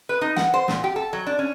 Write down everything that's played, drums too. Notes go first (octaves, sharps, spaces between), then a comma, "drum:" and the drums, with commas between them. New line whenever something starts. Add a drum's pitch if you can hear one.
B4
D#4
F#5, drum: snare
C5
A#2, drum: snare
G4
A4
F#3
D4
C#4